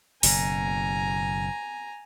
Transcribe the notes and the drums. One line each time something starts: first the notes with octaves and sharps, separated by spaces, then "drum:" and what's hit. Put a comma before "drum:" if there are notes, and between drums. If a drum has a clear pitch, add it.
F#1 B2 G#5 A#5, drum: open hi-hat